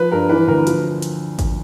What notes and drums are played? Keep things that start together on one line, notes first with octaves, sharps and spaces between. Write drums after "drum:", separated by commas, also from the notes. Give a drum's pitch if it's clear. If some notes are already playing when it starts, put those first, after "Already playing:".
Already playing: F3 B4
G2 A#4
E3 B4
D2 A#4
F3, drum: hi-hat
drum: hi-hat
drum: kick G#1, hi-hat